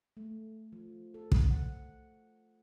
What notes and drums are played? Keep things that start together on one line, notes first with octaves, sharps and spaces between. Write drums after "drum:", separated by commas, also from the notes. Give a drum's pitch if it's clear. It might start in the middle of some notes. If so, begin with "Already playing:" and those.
A3
F3
A4
drum: kick
F#5